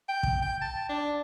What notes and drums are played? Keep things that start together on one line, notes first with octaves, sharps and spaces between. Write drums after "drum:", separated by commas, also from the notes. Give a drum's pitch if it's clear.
G5
drum: kick
G5
A5
D4